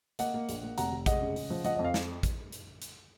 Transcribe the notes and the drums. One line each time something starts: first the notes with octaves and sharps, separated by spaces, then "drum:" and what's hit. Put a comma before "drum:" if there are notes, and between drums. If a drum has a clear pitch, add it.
A#3 D#5 F#5, drum: hi-hat
A#3
A#1, drum: hi-hat
A#3
F1 F#5 A#5, drum: hi-hat
F1
G#3 D#5 F#5, drum: kick A1, hi-hat
C#3
C#3, drum: open hi-hat
F3
F3 D#5 F#5, drum: hi-hat
F2 D#5
F5
drum: snare
drum: kick A1, hi-hat
drum: hi-hat
drum: hi-hat